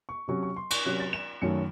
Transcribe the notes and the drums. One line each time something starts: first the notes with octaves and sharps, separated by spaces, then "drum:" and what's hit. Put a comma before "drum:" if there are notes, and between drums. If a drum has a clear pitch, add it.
C#6
C3 F#3 C#4 C#6
C#6
C6
C#6, drum: cymbal
C3 F#3 C#4 F#6
A6
E7
F#2 D#3 F#3 A3 C#4 C#7